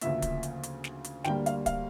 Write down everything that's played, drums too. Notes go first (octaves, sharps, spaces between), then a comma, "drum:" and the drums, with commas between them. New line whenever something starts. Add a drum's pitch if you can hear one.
D2 C#3 F3 A#3 E5, drum: hi-hat
drum: kick, hi-hat
drum: hi-hat
drum: hi-hat
drum: snare
drum: hi-hat
D2 D3 G3 A#3 G5, drum: snare
F5, drum: hi-hat
F5, drum: kick, hi-hat